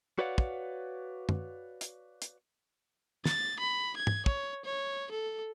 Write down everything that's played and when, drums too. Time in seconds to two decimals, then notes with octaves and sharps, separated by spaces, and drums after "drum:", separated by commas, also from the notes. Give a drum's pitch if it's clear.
0.19 F#4 B4 C#5 D5 F5 F#5
0.38 drum: kick
1.29 drum: tom F#2
1.81 drum: hi-hat
2.22 drum: hi-hat
3.25 A6, drum: snare
3.60 B5
3.97 G#6
4.07 drum: tom
4.26 C#5, drum: kick
4.65 C#5
5.11 A4